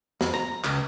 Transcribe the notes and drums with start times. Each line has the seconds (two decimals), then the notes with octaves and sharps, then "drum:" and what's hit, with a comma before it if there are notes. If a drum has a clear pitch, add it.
0.21 F2, drum: snare
0.34 A#5
0.64 C#2, drum: clap